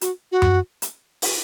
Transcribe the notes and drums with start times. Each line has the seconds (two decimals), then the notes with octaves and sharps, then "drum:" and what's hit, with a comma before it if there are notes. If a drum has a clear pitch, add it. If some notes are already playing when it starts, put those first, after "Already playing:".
0.01 F#4, drum: hi-hat
0.32 F#4
0.42 drum: tom F#2
0.82 drum: hi-hat
1.22 drum: open hi-hat